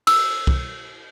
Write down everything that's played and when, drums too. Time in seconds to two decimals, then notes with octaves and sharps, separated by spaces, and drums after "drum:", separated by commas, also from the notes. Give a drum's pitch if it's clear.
0.07 E6, drum: cymbal
0.47 drum: kick